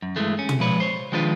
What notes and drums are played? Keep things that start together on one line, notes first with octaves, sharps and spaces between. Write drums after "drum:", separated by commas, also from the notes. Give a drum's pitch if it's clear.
F#2
G2 E3 G#3 A3
C#4
drum: tom
F3 G#3 B4 C#5 D5
C5 C#5
D#3 F3 G#3 D4 F4 B4